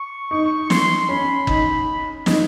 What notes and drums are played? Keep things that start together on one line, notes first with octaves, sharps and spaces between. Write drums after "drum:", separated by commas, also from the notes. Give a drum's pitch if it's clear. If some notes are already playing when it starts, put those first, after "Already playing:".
Already playing: C#6
D#4 C#6
C6, drum: snare
C#4 B5
D#4, drum: kick
D#4, drum: snare